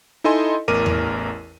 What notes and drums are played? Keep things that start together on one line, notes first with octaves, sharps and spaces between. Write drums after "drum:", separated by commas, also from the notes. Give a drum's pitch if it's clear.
D#4 E4 A4 D#5 G#5 C6
A1 E2 A#4 D6 D#7
drum: tom E2